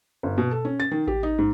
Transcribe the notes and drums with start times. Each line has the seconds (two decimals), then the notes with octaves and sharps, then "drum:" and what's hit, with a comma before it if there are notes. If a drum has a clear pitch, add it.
0.23 G1
0.38 B2
0.51 A4
0.65 C#4
0.80 A6
0.91 D#3
1.07 G4, drum: kick A1
1.23 D#4
1.39 G#2